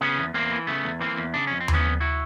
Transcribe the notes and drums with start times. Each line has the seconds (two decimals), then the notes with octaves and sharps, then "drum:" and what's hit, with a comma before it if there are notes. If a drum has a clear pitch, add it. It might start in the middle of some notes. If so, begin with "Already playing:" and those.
0.01 C#3 B3 C#4
0.18 E2
0.34 E2 A#3 C4
0.51 E3
0.67 C#3 A3 B3
0.84 E2
1.00 E3 A#3 C4
1.17 E2
1.34 C#3 D4
1.47 F2 C#4
1.60 C4
1.68 E3, drum: tom D#2
1.74 B3 C#4
1.85 F2
2.00 E4 F#4